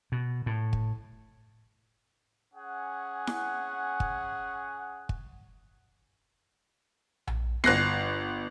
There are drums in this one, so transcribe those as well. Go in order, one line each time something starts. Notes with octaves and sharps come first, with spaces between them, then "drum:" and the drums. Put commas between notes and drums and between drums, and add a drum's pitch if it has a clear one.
B2
A2
drum: kick
C#4 G#4 F#5
drum: snare E4
drum: kick
drum: kick
drum: tom A#1
G1 F#6 A#6 C7, drum: snare E4